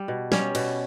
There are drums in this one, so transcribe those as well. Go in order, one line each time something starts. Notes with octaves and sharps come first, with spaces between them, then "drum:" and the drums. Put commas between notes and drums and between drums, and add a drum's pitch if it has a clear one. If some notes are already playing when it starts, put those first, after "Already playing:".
Already playing: G3
B2
G3 C#4, drum: snare
B2, drum: cymbal